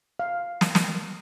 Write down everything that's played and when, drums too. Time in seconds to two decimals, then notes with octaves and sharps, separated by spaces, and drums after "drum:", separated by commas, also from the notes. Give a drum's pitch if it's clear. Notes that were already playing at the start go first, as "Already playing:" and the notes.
0.19 F5
0.61 drum: snare
0.75 drum: snare